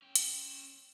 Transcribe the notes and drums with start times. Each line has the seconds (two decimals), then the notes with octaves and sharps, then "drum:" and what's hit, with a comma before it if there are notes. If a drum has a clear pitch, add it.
0.02 C#4 G5
0.15 drum: hi-hat